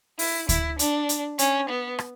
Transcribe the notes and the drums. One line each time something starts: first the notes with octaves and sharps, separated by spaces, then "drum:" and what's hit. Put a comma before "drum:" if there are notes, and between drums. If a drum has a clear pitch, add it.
E4, drum: open hi-hat
E4, drum: kick D2, hi-hat
D4, drum: hi-hat
drum: hi-hat
C#4, drum: hi-hat
B3
drum: rim click